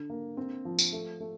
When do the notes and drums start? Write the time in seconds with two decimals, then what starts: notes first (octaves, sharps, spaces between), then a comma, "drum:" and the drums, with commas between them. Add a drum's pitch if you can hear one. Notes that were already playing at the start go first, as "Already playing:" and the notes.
Already playing: D3
0.10 A#3
0.37 C4
0.65 F3
0.79 drum: tambourine
0.92 A3
1.20 A3